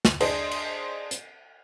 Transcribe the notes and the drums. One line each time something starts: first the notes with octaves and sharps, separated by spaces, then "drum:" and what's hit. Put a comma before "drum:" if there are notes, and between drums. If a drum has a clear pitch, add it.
drum: snare
D4 G#4 C5 D#5, drum: cymbal
drum: cymbal
drum: hi-hat